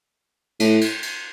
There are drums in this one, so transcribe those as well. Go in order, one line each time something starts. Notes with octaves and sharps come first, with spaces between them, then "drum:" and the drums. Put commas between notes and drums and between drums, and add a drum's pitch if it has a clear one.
A2, drum: cymbal
drum: cymbal
drum: cymbal